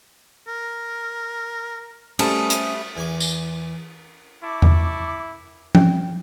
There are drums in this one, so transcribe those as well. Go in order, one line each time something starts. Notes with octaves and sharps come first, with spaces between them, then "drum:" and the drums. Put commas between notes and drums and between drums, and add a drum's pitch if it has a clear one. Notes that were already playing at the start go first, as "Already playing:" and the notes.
A#4
G3 A3 C#4 C5 A5 D#6, drum: cymbal
drum: hi-hat
E2 G#5 D6
drum: tambourine
E4 A5 C#6 D6
drum: tom E2
G5, drum: tom F3